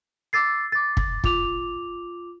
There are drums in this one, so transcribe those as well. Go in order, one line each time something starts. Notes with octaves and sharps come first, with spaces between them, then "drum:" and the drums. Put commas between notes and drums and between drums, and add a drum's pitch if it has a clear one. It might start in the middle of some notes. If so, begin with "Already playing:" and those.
D6 E6 A6 C7
D6 A6
drum: kick
F4 D6 F7, drum: kick